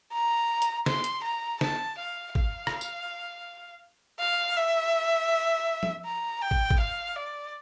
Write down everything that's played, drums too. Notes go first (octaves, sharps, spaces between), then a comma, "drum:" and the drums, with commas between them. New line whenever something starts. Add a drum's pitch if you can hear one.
A#5
drum: hi-hat
C6, drum: snare
drum: hi-hat
A#5
A5, drum: snare
F5
F5, drum: kick
drum: rim click
drum: tambourine
F5
E5
drum: tom F3
A#5
G5
drum: kick
drum: kick
F5
D5